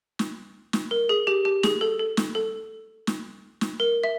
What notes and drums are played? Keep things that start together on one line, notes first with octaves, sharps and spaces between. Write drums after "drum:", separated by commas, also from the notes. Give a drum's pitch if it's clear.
drum: snare
drum: snare
A#4
G#4
G4
G4
G#4, drum: snare
A4
A4
drum: snare
A4
drum: snare
drum: snare
A#4
E5